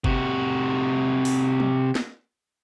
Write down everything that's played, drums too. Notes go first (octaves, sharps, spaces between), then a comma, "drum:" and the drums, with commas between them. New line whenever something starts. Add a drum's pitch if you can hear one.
C3 F#4, drum: kick
drum: open hi-hat
drum: tom
drum: snare